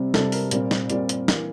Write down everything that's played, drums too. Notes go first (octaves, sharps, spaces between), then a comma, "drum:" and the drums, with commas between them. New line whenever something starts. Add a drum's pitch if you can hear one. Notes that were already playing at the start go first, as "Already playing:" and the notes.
Already playing: C3 G3 C4
C3 G3 C4 A4, drum: snare
A#4, drum: open hi-hat
A#2 G3 C4, drum: hi-hat
drum: snare
A#2 G3 C4 D5, drum: hi-hat
drum: hi-hat
E3 A#3, drum: snare